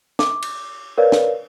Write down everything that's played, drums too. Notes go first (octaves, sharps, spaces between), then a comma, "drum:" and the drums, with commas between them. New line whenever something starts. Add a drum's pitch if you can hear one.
D6, drum: snare
drum: cymbal
A#4 B4 C#5 D5 F5
drum: snare